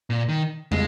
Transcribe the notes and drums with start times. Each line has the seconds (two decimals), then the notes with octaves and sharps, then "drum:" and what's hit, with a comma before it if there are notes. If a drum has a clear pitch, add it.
0.10 A#2
0.29 D#3
0.72 G#3, drum: tom